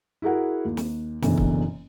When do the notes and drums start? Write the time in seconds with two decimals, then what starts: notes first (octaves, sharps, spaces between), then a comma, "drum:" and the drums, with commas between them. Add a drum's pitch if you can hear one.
0.22 E4 F#4 G#4 A#4 F#5
0.65 D#2
0.77 drum: snare
1.22 F#1 F#2 B2 D3 E3, drum: snare
1.38 drum: kick